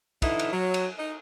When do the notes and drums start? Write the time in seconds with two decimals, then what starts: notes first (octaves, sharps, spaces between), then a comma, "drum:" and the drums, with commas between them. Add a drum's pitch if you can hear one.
0.22 D3 E3 D#4 E4, drum: kick, cymbal
0.39 drum: cymbal
0.52 F#3
0.74 drum: cymbal
0.98 D#4